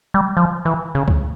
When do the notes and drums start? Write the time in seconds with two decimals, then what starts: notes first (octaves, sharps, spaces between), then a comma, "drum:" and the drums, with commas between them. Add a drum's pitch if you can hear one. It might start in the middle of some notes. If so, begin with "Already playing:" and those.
0.14 G3
0.37 F3
0.65 E3
0.95 C#3
1.08 drum: kick C#2